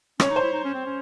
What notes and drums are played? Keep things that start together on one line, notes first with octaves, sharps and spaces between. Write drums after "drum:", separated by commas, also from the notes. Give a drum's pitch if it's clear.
C#4 C#5, drum: rim click
D#4
C5
E4
D#4
C#4
C4
C#4